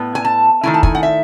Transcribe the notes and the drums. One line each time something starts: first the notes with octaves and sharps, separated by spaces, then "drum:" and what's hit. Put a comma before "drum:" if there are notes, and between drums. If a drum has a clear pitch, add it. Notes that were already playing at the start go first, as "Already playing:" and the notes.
Already playing: A2 B3
G#5
A5
D#3 A3 E4 G#5
A5
G#5, drum: kick
F#5
E5